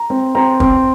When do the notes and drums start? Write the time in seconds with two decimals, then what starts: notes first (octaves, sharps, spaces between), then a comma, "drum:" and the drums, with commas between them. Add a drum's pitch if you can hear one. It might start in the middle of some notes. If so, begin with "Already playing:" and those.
Already playing: A#5
0.10 C4
0.35 C4 A#5
0.60 C4, drum: kick